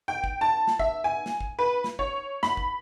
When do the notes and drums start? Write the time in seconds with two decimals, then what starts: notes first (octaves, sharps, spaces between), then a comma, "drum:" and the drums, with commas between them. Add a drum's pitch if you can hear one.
0.08 G5
0.24 drum: kick
0.41 A5
0.67 drum: snare
0.79 E5, drum: kick
1.04 G#5
1.26 drum: snare
1.40 drum: kick
1.59 B4
1.84 drum: snare
1.99 C#5, drum: kick
2.43 B5, drum: snare
2.57 drum: kick